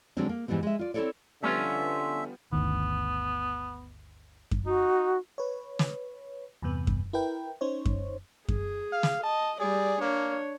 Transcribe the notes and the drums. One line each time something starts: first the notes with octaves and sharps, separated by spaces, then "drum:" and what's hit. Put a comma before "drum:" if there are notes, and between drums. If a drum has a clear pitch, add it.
D3 F#3 G#3 A#3 C4 D4
A#3
G#2 E3 G3 B3 C4
G#3 E5
F4 D5
C4 E4 F4 A4 C#5 D5
D3 F3 G3 B3 C#4 F4 E5
G1 D2 D#3 B3
drum: kick F#2
D#4 F#4
B4 C#5
drum: snare
E2 G2 C3 B3
drum: kick F#2
E4 A#4 B4 G5
C#4 D#4 C5 C#5
drum: kick F#2
G#4, drum: kick F#2
F5
drum: snare
D#5 A5
G3 G#4 D5
A#3 D4 C#5